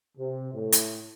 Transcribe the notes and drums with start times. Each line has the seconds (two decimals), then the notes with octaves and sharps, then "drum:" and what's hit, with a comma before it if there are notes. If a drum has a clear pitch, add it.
0.18 C3
0.53 A2
0.72 drum: hi-hat